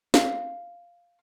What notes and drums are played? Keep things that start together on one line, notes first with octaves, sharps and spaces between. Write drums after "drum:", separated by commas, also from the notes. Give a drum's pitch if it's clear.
F5, drum: snare